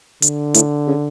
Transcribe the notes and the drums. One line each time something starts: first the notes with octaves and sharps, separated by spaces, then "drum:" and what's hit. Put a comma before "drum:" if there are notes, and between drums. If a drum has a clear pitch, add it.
D3, drum: hi-hat
A2, drum: hi-hat
C#3